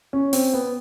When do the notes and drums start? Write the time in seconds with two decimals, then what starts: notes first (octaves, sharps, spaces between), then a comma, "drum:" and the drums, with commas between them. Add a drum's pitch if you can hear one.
0.13 C#4
0.33 C4, drum: open hi-hat
0.53 B3